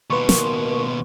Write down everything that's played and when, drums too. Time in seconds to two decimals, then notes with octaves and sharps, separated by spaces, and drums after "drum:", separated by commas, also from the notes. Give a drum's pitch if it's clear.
0.10 D#2 B2 B4 C6 C#6
0.29 A#4, drum: snare